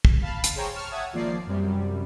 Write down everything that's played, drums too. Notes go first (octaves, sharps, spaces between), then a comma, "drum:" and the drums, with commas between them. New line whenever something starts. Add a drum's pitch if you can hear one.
drum: kick
F5 A5 B5
drum: hi-hat
G#4 C5 C#5 G5 A#5
A5 C#6 F6
C#5 E5 F#5 A5 D#6 G#6
G#1 F3 A#3 D5 C7
F#2 C3 G3